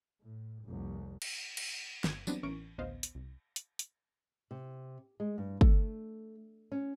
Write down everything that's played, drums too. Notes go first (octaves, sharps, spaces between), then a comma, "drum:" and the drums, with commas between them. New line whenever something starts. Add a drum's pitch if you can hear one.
A2
F1 C2
drum: cymbal
drum: cymbal
G1 G#6, drum: snare
E3 F#3 G3 B3 C4 D4, drum: tambourine
A1 E3 C#4 A#4 C#6 D7
A1 D2 B3 C5 D#5 F5
drum: hi-hat
C2
drum: hi-hat
drum: hi-hat
C3
G#3
G2
A3, drum: kick
C#4